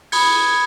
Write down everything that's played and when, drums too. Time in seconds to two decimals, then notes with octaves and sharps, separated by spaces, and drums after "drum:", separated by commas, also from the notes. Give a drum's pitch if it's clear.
0.12 B5 D#6 G#6 C#7, drum: open hi-hat